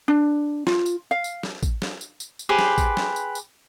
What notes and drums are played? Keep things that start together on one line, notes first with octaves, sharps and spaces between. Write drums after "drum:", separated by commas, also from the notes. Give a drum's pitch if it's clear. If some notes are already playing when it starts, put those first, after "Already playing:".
D4
F4, drum: snare
drum: tambourine
F5
drum: tambourine
drum: snare
drum: kick A1, tambourine
drum: snare
drum: tambourine
drum: tambourine
drum: tambourine
G4 G#4 B4 C5
drum: snare
drum: kick A1, tambourine
drum: snare
drum: tambourine
drum: tambourine